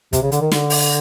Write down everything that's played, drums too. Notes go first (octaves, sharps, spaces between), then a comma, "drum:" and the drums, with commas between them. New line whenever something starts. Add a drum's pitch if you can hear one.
C3, drum: kick, hi-hat
C#3
D3, drum: hi-hat
D#3
D3, drum: snare
drum: open hi-hat